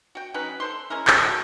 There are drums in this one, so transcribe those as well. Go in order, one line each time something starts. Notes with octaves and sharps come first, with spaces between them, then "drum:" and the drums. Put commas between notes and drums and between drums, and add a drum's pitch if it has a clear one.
F#4 G5
F#3 C#4 D#4 B4
A4 C5 C6
G#3 C#4 E4 A#4
E3 C#4 G#4 C5, drum: clap
A3 F#4 A4 F#5